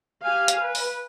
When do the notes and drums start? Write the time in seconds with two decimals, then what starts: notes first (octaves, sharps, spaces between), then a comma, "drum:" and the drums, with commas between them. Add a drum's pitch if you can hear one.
0.25 G4 F5 G#5
0.48 drum: hi-hat
0.62 B4
0.75 drum: open hi-hat